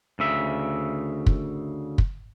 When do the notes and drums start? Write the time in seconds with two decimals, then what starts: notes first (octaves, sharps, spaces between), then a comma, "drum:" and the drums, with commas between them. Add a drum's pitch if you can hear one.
0.19 D2 C#3 E5
1.26 drum: kick
1.98 drum: kick